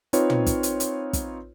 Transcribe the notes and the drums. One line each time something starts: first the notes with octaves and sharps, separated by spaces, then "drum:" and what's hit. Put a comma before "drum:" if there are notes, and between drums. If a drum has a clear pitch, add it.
C4 D#4 F4 B4 C#5, drum: hi-hat
drum: tom
drum: kick, hi-hat
drum: hi-hat
drum: hi-hat
drum: kick, hi-hat